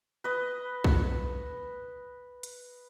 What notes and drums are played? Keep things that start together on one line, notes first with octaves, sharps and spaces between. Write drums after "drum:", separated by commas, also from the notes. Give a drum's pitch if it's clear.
B4 D#5
drum: kick
drum: hi-hat